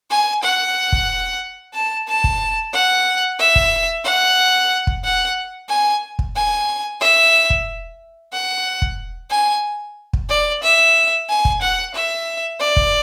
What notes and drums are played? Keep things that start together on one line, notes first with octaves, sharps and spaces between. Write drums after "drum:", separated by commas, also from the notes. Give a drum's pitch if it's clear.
G#5
F#5
drum: kick
A5
A5
drum: kick
F#5
E5
drum: kick
F#5
drum: kick
F#5
G#5
drum: kick
G#5
E5
drum: kick
F#5
drum: kick
G#5
drum: kick
D5
E5
G#5
drum: kick
F#5
E5
D5
drum: kick